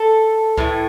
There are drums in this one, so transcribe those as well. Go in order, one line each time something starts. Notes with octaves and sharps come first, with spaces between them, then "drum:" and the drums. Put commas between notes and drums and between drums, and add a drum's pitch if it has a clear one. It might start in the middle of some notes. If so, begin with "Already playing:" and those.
Already playing: A4
A2 E3 A3, drum: kick C#2